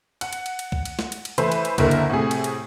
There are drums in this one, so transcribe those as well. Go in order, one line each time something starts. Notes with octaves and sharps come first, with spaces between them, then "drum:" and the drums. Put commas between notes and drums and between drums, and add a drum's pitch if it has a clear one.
F#5, drum: cymbal
drum: cymbal
drum: cymbal
drum: cymbal
drum: kick
drum: cymbal
drum: snare
drum: cymbal
drum: cymbal
E3 A3 E4 B4 C5, drum: cymbal
drum: cymbal
drum: cymbal
F#1 D#2 D3 E4 A#4, drum: kick, cymbal
drum: cymbal
A2 C3 A3 G#4
drum: cymbal
drum: cymbal